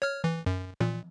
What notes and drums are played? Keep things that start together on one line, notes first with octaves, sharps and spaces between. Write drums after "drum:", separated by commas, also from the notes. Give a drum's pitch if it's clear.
C#5 F6
E3
F#2
A#2, drum: tom E3